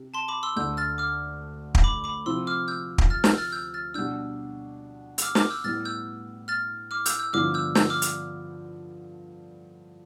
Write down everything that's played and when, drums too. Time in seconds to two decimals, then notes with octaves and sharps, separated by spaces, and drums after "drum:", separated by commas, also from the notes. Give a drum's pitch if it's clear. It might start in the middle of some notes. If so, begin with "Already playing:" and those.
Already playing: C3
0.14 A5 C6
0.28 B5 D6
0.43 C6 E6
0.56 D2 D3 A3 E6 G6
0.77 F6 A6
0.98 D6 F6
1.75 drum: kick
1.84 B5 D6
2.04 B5 D6
2.26 C3 F3 C4 C6 E6
2.47 D6 F6
2.68 E6 G6
2.98 drum: kick
3.10 F6 A6
3.24 E6 G6, drum: snare
3.38 F6 A6
3.52 E6 G6
3.74 F6 A6
3.94 B2 G3 D4 E6 G6
5.18 E6, drum: hi-hat
5.22 D6 F6
5.35 D6 F6, drum: snare
5.50 E6 G6
5.64 A2 G3 B3 F6 A6
5.85 E6 G6
6.48 F6 A6
6.91 D6 F6
7.06 E6 G6, drum: hi-hat
7.19 E6 G6
7.33 G2 D3 F3 B3 D6 F6
7.54 E6 G6
7.75 E6 G6, drum: snare
7.90 D6 F6
8.02 drum: hi-hat